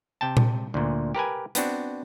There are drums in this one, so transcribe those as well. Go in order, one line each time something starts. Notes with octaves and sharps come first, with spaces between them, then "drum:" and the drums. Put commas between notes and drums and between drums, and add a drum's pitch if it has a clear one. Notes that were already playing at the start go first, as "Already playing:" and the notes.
C3 G5 A5
drum: tom A#2
D2 A#2
G4 A#4 B4 G#5
B3 C4 D4 F#4, drum: hi-hat